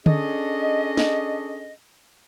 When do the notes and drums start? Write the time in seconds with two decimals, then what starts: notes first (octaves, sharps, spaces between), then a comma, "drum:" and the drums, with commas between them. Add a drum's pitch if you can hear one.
0.06 C#4 D4 G#4 A4 D#5, drum: tom D3
0.97 drum: snare